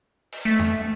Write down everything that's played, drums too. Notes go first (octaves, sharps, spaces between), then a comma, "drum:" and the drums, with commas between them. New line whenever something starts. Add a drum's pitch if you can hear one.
drum: cymbal
A3
drum: tom E2